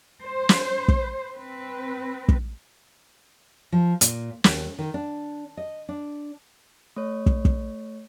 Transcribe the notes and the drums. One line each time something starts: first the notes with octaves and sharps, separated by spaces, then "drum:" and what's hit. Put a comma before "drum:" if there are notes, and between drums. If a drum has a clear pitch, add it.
C5
drum: snare
drum: kick
C4 B4
drum: kick
F3
A#2, drum: hi-hat
D#2, drum: snare
D#3
D4
D#5
D4
A3 C#5
drum: kick
drum: kick